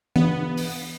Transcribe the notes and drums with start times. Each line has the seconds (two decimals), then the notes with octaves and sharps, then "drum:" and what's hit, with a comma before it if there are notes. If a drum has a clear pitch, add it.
0.16 B3, drum: tom E3
0.57 drum: open hi-hat